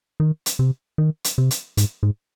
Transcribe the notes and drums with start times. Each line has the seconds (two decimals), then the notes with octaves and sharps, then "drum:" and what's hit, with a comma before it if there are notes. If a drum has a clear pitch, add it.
0.20 D#3
0.46 drum: hi-hat
0.59 C3
0.98 D#3
1.24 drum: hi-hat
1.38 C3
1.51 drum: hi-hat
1.77 G#2, drum: hi-hat
2.03 G#2